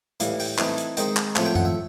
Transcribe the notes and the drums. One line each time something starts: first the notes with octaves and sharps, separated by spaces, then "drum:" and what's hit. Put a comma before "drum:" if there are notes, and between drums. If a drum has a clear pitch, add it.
A2 E3 G3 F5, drum: hi-hat
G5, drum: open hi-hat
E3 A3 C4 D#4 G#5, drum: clap
drum: hi-hat
D#3 G#3 C4 D#4 G5, drum: hi-hat
drum: clap
A2 F3 A3 C4 G#5, drum: clap
G5
F#5, drum: tom
E5